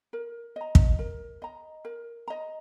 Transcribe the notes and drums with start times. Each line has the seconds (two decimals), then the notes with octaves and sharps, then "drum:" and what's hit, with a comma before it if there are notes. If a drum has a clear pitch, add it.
0.13 A#4
0.56 D#5 A#5
0.75 drum: kick
0.99 A#4
1.42 D#5 A#5
1.85 A#4
2.28 D#5 A#5